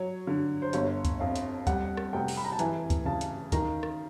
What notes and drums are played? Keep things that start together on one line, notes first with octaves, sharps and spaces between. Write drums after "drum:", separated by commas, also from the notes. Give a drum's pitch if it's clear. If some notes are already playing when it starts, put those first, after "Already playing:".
Already playing: F#3 C#5
D3
C5
G1 C#5, drum: hi-hat
drum: kick D2, hi-hat
F2 F5
drum: hi-hat
G3 F#5, drum: kick D2, hi-hat
drum: rim click
F1 G5
drum: open hi-hat
B5
A#5
A5
E3 G#5, drum: hi-hat
drum: kick D2, hi-hat
C#3 A5
drum: hi-hat
D#3 A#5, drum: kick D2, hi-hat
drum: rim click